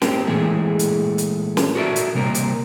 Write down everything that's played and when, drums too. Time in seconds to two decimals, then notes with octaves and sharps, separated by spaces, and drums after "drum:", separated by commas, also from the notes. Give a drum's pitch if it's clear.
0.02 A#3 C4 G4, drum: snare
0.27 A#2 E3 G#3 A3 G#4
0.79 drum: hi-hat
1.18 drum: hi-hat
1.57 drum: snare
1.75 F#4 A4 A#4 D5 E5
1.96 drum: hi-hat
2.15 C3 G3 A#3 A#4
2.35 drum: hi-hat